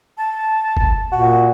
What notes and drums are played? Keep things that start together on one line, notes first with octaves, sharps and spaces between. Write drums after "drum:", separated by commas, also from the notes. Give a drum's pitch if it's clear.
A5
drum: kick F1
A#2 F#4